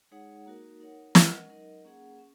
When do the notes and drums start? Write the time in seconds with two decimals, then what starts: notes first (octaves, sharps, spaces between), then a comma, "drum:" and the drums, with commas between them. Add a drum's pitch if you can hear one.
0.11 G#3 D#4 G#4 C#5 F#5
0.46 A#3 D#4 F#4 A#4
0.80 D#4 A#4 C#5 F#5
1.15 G#3 C#4 A#4 D#5 F#5, drum: snare
1.50 F#3 D#4 A#4 D#5
1.85 A#3 C#4 G#4 F#5
2.19 C#4